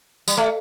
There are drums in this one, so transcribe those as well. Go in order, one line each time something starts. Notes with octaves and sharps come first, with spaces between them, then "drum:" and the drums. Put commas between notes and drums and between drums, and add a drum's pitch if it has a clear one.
G3, drum: tambourine
A3